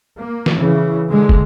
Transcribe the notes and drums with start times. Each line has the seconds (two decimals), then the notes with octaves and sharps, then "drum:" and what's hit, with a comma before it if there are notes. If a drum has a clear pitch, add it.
0.19 A#3
0.46 drum: snare
0.56 C#3 E3
1.09 D3 G#3
1.29 drum: kick